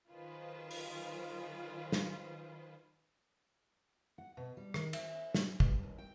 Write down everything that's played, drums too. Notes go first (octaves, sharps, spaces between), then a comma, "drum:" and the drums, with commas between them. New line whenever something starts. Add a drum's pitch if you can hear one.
D#3 F#3 F4 G#4 B4 C5
drum: open hi-hat
drum: snare
F#5
B2
G3
D#3, drum: rim click
E5, drum: cymbal
D5, drum: snare
G2, drum: kick
D#2
G5